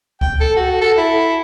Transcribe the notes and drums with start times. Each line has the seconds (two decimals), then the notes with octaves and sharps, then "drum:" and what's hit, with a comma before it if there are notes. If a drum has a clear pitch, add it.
0.21 G5, drum: kick C#2
0.40 A4
0.56 F#4
0.81 A4
0.97 E4